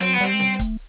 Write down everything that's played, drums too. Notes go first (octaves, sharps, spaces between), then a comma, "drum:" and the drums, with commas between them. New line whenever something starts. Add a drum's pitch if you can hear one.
F#3 C4
B3
G3 C4, drum: hi-hat
G#3
G3, drum: snare
A3, drum: kick C#1, hi-hat